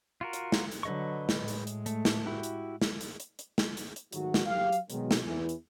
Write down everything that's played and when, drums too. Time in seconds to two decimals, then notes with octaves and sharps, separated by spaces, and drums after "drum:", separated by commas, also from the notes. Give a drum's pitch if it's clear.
0.21 F4 F#4 A#4
0.33 drum: hi-hat
0.52 drum: snare
0.71 drum: hi-hat
0.83 D3 F#3 B4 D#5 C#6
1.29 drum: snare
1.39 A2 G#3
1.48 drum: hi-hat
1.67 drum: hi-hat
1.86 A3, drum: hi-hat
2.05 drum: snare
2.26 E4 F#4 G4
2.43 drum: hi-hat
2.82 drum: snare
3.01 drum: hi-hat
3.20 drum: hi-hat
3.39 drum: hi-hat
3.58 drum: snare
3.77 drum: hi-hat
3.96 drum: hi-hat
4.12 G#2 D#3 F#3 A3 F#4, drum: hi-hat
4.34 drum: snare
4.45 F#3 G4 F5
4.72 drum: hi-hat
4.90 B2 D#3 F#3 G#3, drum: hi-hat
5.11 drum: snare
5.23 E2 E3
5.49 drum: hi-hat